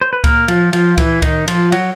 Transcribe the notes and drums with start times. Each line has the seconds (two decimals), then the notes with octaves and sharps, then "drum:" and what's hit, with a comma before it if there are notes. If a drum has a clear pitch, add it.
0.01 C5
0.13 B4
0.24 A#3 A#4, drum: kick C#2, cymbal
0.48 F3 F4, drum: cymbal
0.73 F3 F4, drum: cymbal
0.97 E3 E4, drum: kick C#2, cymbal
1.22 D#3 D#4, drum: kick C#2, cymbal
1.48 F3 F4, drum: cymbal
1.72 F#3 F#4, drum: cymbal